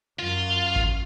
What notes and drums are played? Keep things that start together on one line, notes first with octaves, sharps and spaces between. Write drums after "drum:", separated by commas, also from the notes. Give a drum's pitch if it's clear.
F#2 F4
drum: kick G#1